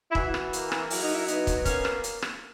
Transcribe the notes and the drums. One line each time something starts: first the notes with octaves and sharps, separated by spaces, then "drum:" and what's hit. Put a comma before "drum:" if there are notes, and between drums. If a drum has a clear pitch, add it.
E4
E3 F#4, drum: kick
drum: rim click
A#3, drum: hi-hat
drum: rim click
F#3 E4, drum: open hi-hat
D#4
E4
B3 D#4, drum: hi-hat
drum: kick, hi-hat
A#3 C#4, drum: kick, hi-hat
drum: rim click
drum: hi-hat
drum: rim click